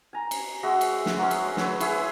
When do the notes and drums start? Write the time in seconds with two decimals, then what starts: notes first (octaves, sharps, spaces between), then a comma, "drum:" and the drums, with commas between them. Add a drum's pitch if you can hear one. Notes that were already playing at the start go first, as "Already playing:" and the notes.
0.13 G#5 A#5
0.31 drum: cymbal
0.63 G#3 F#4 D#5 E5
0.81 drum: cymbal
1.06 drum: snare
1.19 F#3 G#3 C#4
1.31 drum: cymbal
1.57 B4 C#5 E6, drum: snare
1.80 E4 G#4, drum: cymbal